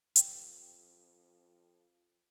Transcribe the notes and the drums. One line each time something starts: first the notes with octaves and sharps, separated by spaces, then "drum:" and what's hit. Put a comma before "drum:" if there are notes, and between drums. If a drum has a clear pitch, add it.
F2 F3 G4, drum: hi-hat